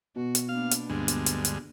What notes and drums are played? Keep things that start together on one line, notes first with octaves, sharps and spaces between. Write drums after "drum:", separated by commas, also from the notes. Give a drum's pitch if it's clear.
B2 F#4
drum: hi-hat
A#3 B3 D4 F5
drum: hi-hat
D2 G2 G#3
drum: hi-hat
drum: hi-hat
drum: hi-hat